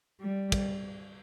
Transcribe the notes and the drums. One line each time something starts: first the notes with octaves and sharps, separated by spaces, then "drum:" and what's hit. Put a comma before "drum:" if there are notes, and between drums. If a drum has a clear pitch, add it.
G3
drum: kick, cymbal